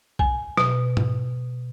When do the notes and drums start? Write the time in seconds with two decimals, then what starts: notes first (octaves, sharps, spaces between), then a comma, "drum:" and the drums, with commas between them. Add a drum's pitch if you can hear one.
0.19 G#5, drum: kick B1
0.57 B2, drum: snare
0.97 drum: tom G#2